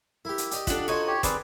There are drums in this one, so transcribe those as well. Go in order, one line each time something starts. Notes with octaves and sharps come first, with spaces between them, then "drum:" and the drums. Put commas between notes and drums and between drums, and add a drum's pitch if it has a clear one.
E4 G4 A#4
drum: hi-hat
G4 D5 D#5, drum: hi-hat
D4 F4 A4 F#5, drum: kick, hi-hat
D#4 F#4 C5 C#5 D#5
G4 C#5
D#3 C4 G#4 B4 D5, drum: kick, hi-hat